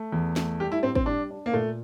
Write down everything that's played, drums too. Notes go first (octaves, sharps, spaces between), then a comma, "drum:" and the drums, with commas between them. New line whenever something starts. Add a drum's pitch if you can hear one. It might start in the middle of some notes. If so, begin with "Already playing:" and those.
Already playing: A3
E2
A3, drum: snare
G3 G4
E4
A2 C4
C4, drum: kick
G3 D4
D4
A#3
A#2 A3